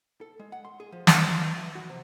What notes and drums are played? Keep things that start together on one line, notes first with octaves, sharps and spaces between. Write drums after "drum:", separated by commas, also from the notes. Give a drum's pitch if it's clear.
A4
G#3
F#5
C6
G#4
F3
D#3, drum: snare
F#3
E2
E3
F#4
C3